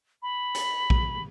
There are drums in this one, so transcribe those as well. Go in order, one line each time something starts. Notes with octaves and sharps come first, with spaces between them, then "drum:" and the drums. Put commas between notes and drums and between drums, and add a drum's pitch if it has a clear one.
B5
drum: hi-hat
drum: kick A#1